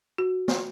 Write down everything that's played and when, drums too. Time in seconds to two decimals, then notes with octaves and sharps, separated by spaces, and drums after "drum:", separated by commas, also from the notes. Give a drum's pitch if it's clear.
0.18 F#4
0.48 drum: snare